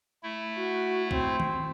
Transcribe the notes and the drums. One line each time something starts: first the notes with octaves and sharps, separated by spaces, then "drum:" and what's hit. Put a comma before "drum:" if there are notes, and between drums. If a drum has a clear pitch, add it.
A3 E4
F#4
C4, drum: kick C2
drum: tom D#3